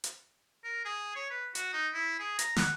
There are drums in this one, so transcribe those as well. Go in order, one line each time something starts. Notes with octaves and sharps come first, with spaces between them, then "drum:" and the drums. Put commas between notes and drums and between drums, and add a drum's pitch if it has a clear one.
drum: hi-hat
A#4
G#4
C#5
B4
F#4, drum: hi-hat
D#4
E4
G#4
A#5, drum: hi-hat
F#5, drum: snare